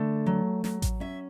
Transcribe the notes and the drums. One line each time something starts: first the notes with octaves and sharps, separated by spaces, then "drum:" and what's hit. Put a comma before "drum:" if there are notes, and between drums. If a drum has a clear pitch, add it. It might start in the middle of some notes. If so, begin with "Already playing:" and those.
Already playing: D3 A3 A5
F#3
F#3, drum: snare
drum: kick A1, hi-hat
C#4 E5